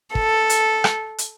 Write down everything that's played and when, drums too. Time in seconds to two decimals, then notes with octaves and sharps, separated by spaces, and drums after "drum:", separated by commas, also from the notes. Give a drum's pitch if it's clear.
0.15 A4, drum: kick
0.50 drum: hi-hat
0.84 drum: rim click
1.18 drum: hi-hat